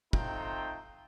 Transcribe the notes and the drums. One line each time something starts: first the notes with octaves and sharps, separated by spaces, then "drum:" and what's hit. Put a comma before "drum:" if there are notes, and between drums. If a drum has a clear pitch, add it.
A3 C4 D#4 F4 G5 A#5, drum: kick